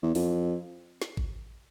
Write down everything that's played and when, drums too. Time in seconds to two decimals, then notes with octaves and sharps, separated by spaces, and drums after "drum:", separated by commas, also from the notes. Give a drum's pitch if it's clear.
0.03 E2
0.15 F2, drum: open hi-hat
1.02 drum: snare
1.17 drum: kick G#1